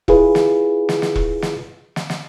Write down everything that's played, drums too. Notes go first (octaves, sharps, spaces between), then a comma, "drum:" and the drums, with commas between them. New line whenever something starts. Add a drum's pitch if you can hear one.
E4 F4 G#4 B4, drum: kick E1
drum: snare
drum: snare
drum: snare
drum: kick E1
drum: snare
drum: snare
drum: snare